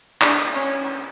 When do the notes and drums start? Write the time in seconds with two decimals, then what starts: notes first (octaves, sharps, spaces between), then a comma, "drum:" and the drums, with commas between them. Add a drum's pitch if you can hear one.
0.21 D4, drum: clap
0.56 C#4